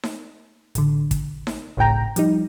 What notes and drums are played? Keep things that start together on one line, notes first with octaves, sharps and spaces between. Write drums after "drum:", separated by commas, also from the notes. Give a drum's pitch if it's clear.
drum: snare D#4
A1 D3, drum: hi-hat
drum: kick, hi-hat
drum: snare D#4
G#1 C#2 A2 G5 A#5
F3 G3 D#4, drum: hi-hat